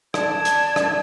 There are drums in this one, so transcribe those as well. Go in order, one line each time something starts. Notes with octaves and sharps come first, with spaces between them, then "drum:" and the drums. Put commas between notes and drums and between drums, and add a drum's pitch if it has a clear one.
D5 A5 G#6, drum: rim click
drum: hi-hat
drum: rim click